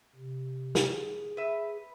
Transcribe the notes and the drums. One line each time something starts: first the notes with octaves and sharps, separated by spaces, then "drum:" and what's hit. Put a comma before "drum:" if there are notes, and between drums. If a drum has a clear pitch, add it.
C3
drum: snare
G#4
B4 E5